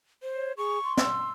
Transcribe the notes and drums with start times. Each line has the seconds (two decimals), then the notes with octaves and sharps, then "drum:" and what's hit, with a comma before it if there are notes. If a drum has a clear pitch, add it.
0.23 C5
0.35 C#5
0.57 G#4 C#6
0.83 C6
0.97 E6, drum: snare